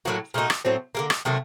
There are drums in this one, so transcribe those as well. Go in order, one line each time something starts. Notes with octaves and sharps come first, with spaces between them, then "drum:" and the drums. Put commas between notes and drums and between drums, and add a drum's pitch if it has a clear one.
A2 F#3 A#3 F#4
A#2 A3 D#4 F#4
drum: rim click
A2 F#3 C4
D3 G3 A#3
drum: rim click
C3 D#3 F#3 A3